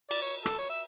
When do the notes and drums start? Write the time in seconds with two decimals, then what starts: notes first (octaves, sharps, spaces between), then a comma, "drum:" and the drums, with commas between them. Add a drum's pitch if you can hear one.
0.11 D5, drum: cymbal
0.22 C#5
0.46 A4, drum: rim click
0.58 C#5
0.69 E5